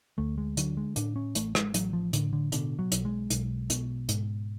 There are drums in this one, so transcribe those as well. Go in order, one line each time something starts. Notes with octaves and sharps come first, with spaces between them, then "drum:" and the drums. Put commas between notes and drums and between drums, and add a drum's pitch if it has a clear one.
D2 A3
G#3
D3 F#3, drum: hi-hat
G#3
A2 D4, drum: hi-hat
C#4
A1 A3, drum: hi-hat
G#3, drum: rim click
A1 F#3, drum: hi-hat
F3
A2 D3, drum: hi-hat
D3
B2 D3, drum: hi-hat
F#3
B1, drum: hi-hat
G#3
B1, drum: hi-hat
B2, drum: hi-hat
G#2, drum: hi-hat